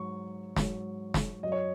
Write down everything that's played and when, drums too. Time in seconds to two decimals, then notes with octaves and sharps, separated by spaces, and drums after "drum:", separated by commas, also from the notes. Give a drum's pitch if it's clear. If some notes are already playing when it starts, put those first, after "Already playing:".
Already playing: G#2 F#3 C#6
0.56 G#2 F#3, drum: snare
1.14 drum: snare
1.43 F#2 F#3 D#5
1.52 C#5